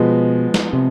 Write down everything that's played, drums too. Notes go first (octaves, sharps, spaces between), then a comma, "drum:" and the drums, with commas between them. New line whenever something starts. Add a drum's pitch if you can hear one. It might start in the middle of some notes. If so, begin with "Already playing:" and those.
Already playing: B2 F3 G#3 B3
drum: snare
C3